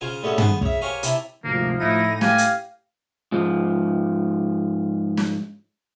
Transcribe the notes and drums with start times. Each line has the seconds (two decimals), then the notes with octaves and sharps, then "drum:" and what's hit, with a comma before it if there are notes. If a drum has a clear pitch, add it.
0.01 C#3 F4 C5 G#5
0.23 A2 G3 G#3 B3 C#4 A4
0.38 B3 G#4 C5, drum: tom
0.61 C#3 E5, drum: kick
0.81 G4 A#4 C5 C#5 F5 G#5
1.03 C3 E4 G5 A5 A#5, drum: hi-hat
1.44 D2 G#2 C3 F3 A#3
1.80 A2 D#4 E4 A#6 D#7
2.21 G4 F5 G#5, drum: snare
2.38 drum: hi-hat
3.32 G#2 F3
5.17 drum: snare